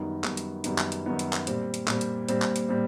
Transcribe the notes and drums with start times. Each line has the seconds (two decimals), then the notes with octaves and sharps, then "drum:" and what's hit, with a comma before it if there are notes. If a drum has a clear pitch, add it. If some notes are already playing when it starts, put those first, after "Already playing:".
Already playing: F#2 D#3 G3 B3 D#4
0.24 F#2 D#3 G3 B3 D#4, drum: clap
0.37 drum: hi-hat
0.64 F#2 D#3 G3 B3 D#4, drum: hi-hat
0.78 drum: clap
0.92 drum: hi-hat
1.06 F#2 D#3 G3 B3 D#4
1.19 drum: hi-hat
1.33 drum: clap
1.47 A#2 G3 C4, drum: hi-hat
1.74 drum: hi-hat
1.88 A#2 G3 C4, drum: clap
2.01 drum: hi-hat
2.29 A#2 G3 C4, drum: hi-hat
2.42 drum: clap
2.56 drum: hi-hat
2.69 A#2 G3 C4